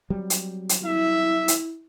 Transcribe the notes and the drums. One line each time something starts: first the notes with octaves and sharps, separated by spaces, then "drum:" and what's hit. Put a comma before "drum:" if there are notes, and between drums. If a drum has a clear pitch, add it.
F#3 G3 C4
drum: hi-hat
drum: hi-hat
E4 E5
drum: hi-hat